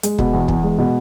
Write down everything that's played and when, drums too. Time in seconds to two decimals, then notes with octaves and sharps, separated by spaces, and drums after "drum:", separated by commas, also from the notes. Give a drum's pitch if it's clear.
0.03 G#3, drum: hi-hat
0.19 B2, drum: kick
0.33 E2
0.48 E2, drum: kick
0.63 G#3
0.78 B2